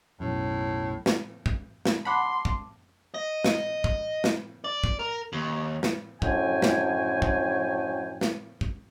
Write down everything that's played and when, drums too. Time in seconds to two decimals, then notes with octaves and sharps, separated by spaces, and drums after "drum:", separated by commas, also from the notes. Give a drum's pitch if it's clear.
0.20 B1 F#2 A2
1.06 drum: snare
1.46 drum: kick
1.85 drum: snare
2.05 F#5 A5 B5 C6 D6
2.45 drum: kick
3.14 D#5
3.44 drum: snare
3.84 drum: kick
4.24 drum: snare
4.64 D5
4.84 drum: kick
4.99 A#4
5.33 D#2
5.83 drum: snare
6.22 F#2 A2 D3 F3 G5 G#5, drum: kick
6.62 drum: snare
7.22 drum: kick
8.21 drum: snare
8.61 drum: kick